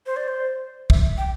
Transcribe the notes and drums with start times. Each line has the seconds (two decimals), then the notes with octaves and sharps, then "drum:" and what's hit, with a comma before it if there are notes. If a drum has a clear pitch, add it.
0.06 C5
0.17 D5
0.28 C5
0.90 E5, drum: kick
1.18 G5